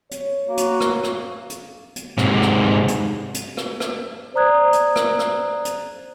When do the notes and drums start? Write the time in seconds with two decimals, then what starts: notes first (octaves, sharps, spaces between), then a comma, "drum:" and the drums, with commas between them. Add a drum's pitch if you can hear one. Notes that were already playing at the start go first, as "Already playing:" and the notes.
0.11 C#5, drum: hi-hat
0.47 A#3 F#4
0.57 drum: hi-hat
0.80 drum: rim click
1.03 drum: rim click
1.50 drum: hi-hat
1.96 drum: hi-hat
2.18 G#2 C3, drum: rim click
2.42 drum: rim click
2.88 drum: hi-hat
3.34 drum: hi-hat
3.57 drum: rim click
3.80 drum: rim click
4.34 C5 D5 A#5 D#6 F#6 G#6
4.73 drum: hi-hat
4.96 drum: rim click
5.19 drum: rim click
5.65 drum: hi-hat